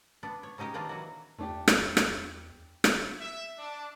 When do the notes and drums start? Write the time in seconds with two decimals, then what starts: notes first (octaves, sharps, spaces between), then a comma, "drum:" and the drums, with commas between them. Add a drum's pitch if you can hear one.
0.23 B3 D4
0.43 C#5
0.58 C#3 C#4 D#4 G4 A#4
0.74 D#3 E3 A#3 C4 D4 F4
0.89 E3 F#3 F#4
1.38 E2 A3 D4 G4
1.68 drum: rim click
1.97 drum: rim click
2.84 drum: rim click
3.20 E5
3.58 D4